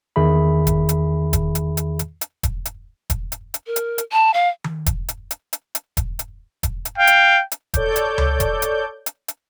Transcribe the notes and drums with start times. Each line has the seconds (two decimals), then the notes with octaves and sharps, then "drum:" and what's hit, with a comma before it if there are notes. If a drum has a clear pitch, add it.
0.16 E2 D#3 G#4 E5 B5
0.67 drum: kick E1, hi-hat
0.89 drum: hi-hat
1.33 drum: kick E1, hi-hat
1.55 drum: hi-hat
1.77 drum: hi-hat
1.99 drum: hi-hat
2.21 drum: hi-hat
2.43 drum: kick E1, hi-hat
2.65 drum: hi-hat
3.10 drum: kick E1, hi-hat
3.32 drum: hi-hat
3.54 drum: hi-hat
3.67 A#4
3.76 drum: hi-hat
3.98 drum: hi-hat
4.12 A5
4.34 F5
4.64 drum: tom D#3
4.86 drum: kick E1, hi-hat
5.09 drum: hi-hat
5.31 drum: hi-hat
5.53 drum: hi-hat
5.75 drum: hi-hat
5.97 drum: kick E1, hi-hat
6.19 drum: hi-hat
6.63 drum: kick E1, hi-hat
6.85 drum: hi-hat
6.97 F5 G5
7.07 drum: hi-hat
7.52 drum: hi-hat
7.74 A4 C#5 D5 D6 G6, drum: kick E1, hi-hat
7.96 drum: hi-hat
8.18 drum: tom C#2
8.40 drum: kick E1, hi-hat
8.62 drum: hi-hat
9.06 drum: hi-hat
9.28 drum: hi-hat